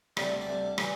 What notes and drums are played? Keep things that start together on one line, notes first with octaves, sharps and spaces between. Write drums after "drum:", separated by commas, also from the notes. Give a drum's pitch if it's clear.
D2 C3 G3 D5, drum: rim click
E5
D5
D2 C3 G3
E3 G3, drum: rim click